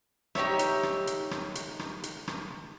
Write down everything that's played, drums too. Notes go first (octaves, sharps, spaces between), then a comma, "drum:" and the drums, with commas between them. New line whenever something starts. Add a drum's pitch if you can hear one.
D#4 G4 C#5 E5, drum: rim click
drum: hi-hat
drum: rim click
drum: hi-hat
drum: rim click
drum: hi-hat
drum: rim click
drum: hi-hat
drum: rim click